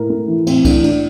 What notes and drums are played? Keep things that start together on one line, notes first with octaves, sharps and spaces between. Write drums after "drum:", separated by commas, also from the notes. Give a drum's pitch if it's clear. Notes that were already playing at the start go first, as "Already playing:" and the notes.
Already playing: A2 A#4
A3
E3
A2 C4, drum: cymbal
A2 D4, drum: kick C2, cymbal
A2 D4, drum: cymbal